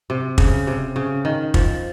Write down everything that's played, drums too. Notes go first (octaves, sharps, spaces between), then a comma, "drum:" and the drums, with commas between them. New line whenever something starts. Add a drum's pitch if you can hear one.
C3
C#3, drum: kick
C3
C#3
D#3
F3, drum: kick